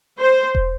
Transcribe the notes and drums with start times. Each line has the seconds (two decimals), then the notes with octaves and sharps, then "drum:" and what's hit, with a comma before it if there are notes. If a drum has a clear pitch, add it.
0.18 C5
0.55 drum: kick E1